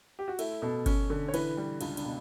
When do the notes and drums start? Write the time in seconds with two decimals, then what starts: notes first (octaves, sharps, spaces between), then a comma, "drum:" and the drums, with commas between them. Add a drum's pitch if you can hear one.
0.19 G4
0.28 F#4
0.39 A3 E4, drum: cymbal
0.62 B2 A4
0.86 C#4, drum: kick G1, cymbal
1.10 D3
1.28 C#5
1.34 E3 B4, drum: cymbal
1.57 G3
1.81 C#2 D4, drum: cymbal
1.97 D4, drum: cymbal
2.05 B2